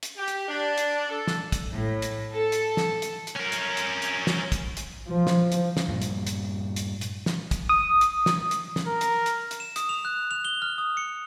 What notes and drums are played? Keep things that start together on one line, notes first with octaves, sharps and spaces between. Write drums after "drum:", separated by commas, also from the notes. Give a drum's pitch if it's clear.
drum: hi-hat
G4
drum: hi-hat
D4
drum: hi-hat
A4
drum: snare
drum: kick, hi-hat
A2
drum: hi-hat
A4
drum: hi-hat
drum: snare
drum: hi-hat
drum: hi-hat
C#4 A#4
drum: hi-hat
drum: hi-hat
drum: hi-hat
drum: snare
drum: kick, hi-hat
drum: hi-hat
F3
drum: snare
drum: hi-hat
drum: snare
G2 A#2
drum: hi-hat
drum: hi-hat
drum: hi-hat
drum: hi-hat
drum: snare
drum: kick, hi-hat
D#6
drum: hi-hat
drum: snare
drum: hi-hat
drum: snare
A#4
drum: hi-hat
drum: hi-hat
drum: hi-hat
E7
D#6, drum: hi-hat
F7
F#6
F7
G7
F6
D#6
C#7